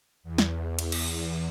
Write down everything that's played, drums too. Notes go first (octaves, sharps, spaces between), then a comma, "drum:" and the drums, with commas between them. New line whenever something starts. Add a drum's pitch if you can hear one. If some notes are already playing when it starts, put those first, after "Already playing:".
E2
drum: snare
drum: cymbal
drum: cymbal